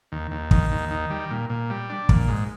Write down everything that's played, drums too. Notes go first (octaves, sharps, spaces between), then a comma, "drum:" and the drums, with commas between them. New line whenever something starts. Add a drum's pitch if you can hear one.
D#2
D#2
D#3, drum: kick
D#2
D#3
G3
A#2
A#2
G3
D4
A#2, drum: kick
G#2